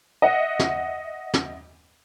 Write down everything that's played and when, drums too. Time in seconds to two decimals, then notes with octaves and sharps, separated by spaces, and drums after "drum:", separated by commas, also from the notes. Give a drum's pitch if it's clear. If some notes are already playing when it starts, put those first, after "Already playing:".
0.22 D#5 E5 F#5
0.59 drum: snare
1.34 drum: snare